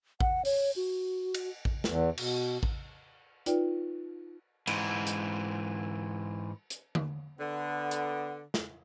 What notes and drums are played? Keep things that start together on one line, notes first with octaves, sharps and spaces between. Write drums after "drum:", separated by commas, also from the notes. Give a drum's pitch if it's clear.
F#5, drum: kick A1
C#5, drum: open hi-hat
F#4
drum: cymbal
drum: kick A1
E2, drum: snare
B2, drum: cymbal
drum: kick A1
D#4 F4 B4 D5 G5, drum: hi-hat
G#2 E3, drum: cymbal
drum: hi-hat
drum: hi-hat
drum: tom D3
D3 B3
drum: hi-hat
drum: snare